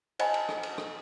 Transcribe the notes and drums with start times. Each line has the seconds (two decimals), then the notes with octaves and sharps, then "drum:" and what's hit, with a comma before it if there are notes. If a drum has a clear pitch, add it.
0.19 C5 D#5 F#5 G#5 A5 B5, drum: cymbal
0.34 drum: cymbal
0.49 drum: rim click
0.63 drum: cymbal
0.78 drum: rim click